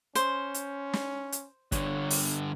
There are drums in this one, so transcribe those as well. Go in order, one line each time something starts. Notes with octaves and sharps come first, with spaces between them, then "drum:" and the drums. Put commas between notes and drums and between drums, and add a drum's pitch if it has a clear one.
C#4 C5, drum: hi-hat
drum: hi-hat
drum: snare
drum: hi-hat
G2 D3 C#5, drum: kick, hi-hat
drum: open hi-hat